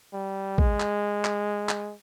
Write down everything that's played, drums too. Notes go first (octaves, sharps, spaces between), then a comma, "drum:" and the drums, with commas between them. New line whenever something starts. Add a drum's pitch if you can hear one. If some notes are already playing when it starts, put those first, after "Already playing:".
G3
G#3, drum: kick A1
drum: clap
drum: clap
drum: clap